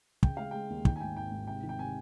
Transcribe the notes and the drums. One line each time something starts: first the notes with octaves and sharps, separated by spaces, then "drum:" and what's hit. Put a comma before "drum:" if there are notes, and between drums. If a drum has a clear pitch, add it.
C#3 G5, drum: kick
G#3 F5
G#3 G5
D#2
D#3 G5, drum: kick
G#5
G#2 G5
G#1 G5
G#2
C3 G5
D#3
G5
C3 G#5